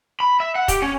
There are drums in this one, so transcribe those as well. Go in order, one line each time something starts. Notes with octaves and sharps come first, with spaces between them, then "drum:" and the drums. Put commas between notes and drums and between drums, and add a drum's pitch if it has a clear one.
B5
E5
F#5
G4, drum: kick, hi-hat
C#4